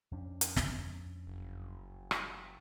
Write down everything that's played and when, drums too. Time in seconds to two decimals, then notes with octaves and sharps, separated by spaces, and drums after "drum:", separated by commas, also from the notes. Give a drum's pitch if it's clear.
0.11 F2 C#4 D4
0.41 drum: hi-hat
0.56 drum: snare
1.27 F#1
2.11 drum: rim click